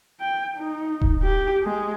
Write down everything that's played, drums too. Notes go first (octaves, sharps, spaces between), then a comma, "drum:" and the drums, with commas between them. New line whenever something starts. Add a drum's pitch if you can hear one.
G5
D#4
drum: kick D#1
G4
G#3